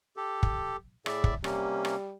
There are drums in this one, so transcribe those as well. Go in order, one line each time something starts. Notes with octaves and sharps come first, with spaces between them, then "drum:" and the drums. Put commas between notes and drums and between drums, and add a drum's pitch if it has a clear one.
G4 A4
drum: kick
A2 G#4 D5 E5, drum: rim click
drum: kick
C3 G3 A#3 C#4, drum: rim click
drum: rim click